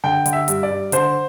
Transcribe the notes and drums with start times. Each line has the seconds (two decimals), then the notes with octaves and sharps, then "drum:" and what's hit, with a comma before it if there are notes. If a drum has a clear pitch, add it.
0.04 D3 G5
0.26 D3, drum: hi-hat
0.33 E5
0.48 G2, drum: hi-hat
0.63 D5
0.70 G2
0.92 D3 C5, drum: hi-hat